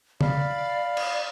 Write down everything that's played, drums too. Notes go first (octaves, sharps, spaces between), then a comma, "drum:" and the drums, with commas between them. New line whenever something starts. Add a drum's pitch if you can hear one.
D5 F5 B5, drum: tom
drum: cymbal